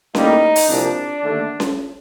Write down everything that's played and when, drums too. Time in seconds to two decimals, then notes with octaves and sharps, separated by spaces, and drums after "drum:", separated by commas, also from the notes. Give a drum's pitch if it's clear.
0.15 A2 G3 A#3 D#4, drum: snare C#4
0.56 drum: open hi-hat
0.69 C2 A#2 F3 D4
1.24 D#2 D3 A3
1.60 drum: snare C#4